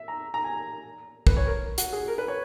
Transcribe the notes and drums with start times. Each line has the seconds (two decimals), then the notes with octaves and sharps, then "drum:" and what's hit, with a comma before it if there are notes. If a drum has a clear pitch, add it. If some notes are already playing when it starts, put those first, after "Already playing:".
Already playing: E5
0.08 A#5
0.34 A#5
0.44 G#5
1.27 B4, drum: kick
1.37 C#5
1.47 A#4
1.78 F#4, drum: hi-hat
1.93 G#4
2.08 A#4
2.18 B4
2.28 C#5